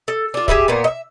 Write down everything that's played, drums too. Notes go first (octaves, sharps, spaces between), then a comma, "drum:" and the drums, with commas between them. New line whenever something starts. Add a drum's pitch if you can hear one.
A4
D4 F4
G4 G#4 B4 E5, drum: kick
A#2 A#3 B3
D#5 E5